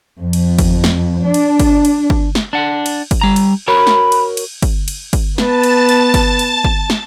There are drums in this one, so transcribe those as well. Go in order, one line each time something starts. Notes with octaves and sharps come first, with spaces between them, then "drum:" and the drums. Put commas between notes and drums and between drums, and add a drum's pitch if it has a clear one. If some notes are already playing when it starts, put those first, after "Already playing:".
F2
drum: cymbal
drum: kick G1, cymbal
drum: snare
D4
drum: cymbal
drum: kick G1, cymbal
drum: cymbal
drum: kick G1
drum: snare
D4 F#5
drum: cymbal
drum: kick G1, cymbal
G3 A#5
drum: cymbal
F#4 A#4 C#5 B5
drum: snare
drum: cymbal
drum: cymbal
drum: kick G1, cymbal
drum: cymbal
drum: kick G1, cymbal
B3 B4 A5 A6, drum: snare
drum: cymbal
drum: cymbal
drum: kick G1, cymbal
drum: cymbal
drum: kick G1
drum: snare